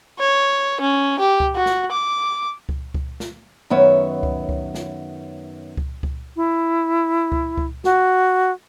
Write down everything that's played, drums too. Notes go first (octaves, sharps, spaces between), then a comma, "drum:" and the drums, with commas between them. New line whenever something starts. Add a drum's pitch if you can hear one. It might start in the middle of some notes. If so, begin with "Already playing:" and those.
C#5
C#4
G4
drum: kick C#2
F#4
drum: snare
D6
drum: kick C#2
drum: kick C#2
drum: snare
F#2 D#3 B3 C#5 E5
drum: kick C#2
drum: kick C#2
drum: snare
drum: kick C#2
drum: kick C#2
E4
drum: kick C#2
drum: kick C#2
F#4, drum: snare